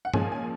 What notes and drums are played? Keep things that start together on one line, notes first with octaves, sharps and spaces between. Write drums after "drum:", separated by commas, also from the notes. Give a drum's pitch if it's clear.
F#5
A#2 F3 G#3 C#4 G#5, drum: tom G2
G#5